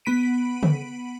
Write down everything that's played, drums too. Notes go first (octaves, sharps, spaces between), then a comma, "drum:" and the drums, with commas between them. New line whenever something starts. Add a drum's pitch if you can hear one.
B3 B5 B6 D7 D#7
drum: tom C#3